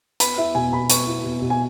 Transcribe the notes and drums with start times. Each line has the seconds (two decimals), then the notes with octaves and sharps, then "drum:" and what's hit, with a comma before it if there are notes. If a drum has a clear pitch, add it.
0.20 B3 B5, drum: hi-hat
0.37 E4 E5
0.55 B2 G#5
0.73 B2 B5
0.90 B3 C#6, drum: hi-hat
1.07 E4
1.24 B2
1.42 B2
1.50 G#5